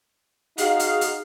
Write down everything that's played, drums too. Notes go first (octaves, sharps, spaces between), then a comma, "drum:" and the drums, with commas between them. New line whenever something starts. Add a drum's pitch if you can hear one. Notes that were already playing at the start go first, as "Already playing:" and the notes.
D#4 F#4 G#4 F5, drum: hi-hat
drum: hi-hat
drum: hi-hat